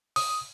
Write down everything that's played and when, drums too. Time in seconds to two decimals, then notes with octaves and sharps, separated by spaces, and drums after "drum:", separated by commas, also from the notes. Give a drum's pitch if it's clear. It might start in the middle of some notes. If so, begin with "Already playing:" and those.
0.16 D#6, drum: open hi-hat